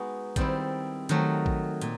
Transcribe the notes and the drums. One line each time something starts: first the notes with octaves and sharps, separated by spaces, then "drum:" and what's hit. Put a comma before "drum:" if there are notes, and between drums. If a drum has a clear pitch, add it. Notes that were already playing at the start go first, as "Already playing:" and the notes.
Already playing: G#3 B3 D#4 F#4
D#3 G3 C4 E4, drum: kick, hi-hat
D#3 F#3 A3, drum: hi-hat
drum: kick
A#2, drum: hi-hat